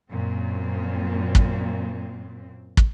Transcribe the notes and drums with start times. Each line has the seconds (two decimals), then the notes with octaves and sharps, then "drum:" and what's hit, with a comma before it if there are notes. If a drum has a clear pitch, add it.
0.10 F#2 A#2 C4
1.35 drum: kick
2.77 drum: kick